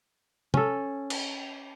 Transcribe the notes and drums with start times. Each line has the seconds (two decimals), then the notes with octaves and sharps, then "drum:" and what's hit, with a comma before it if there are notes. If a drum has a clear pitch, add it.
0.54 C#4 A4, drum: tom
1.10 drum: cymbal